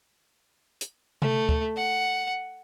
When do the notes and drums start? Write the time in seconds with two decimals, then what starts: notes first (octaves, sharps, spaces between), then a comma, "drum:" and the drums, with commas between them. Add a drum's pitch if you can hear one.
0.81 drum: hi-hat
1.22 A3, drum: tom C3
1.49 drum: kick D2
1.76 F#5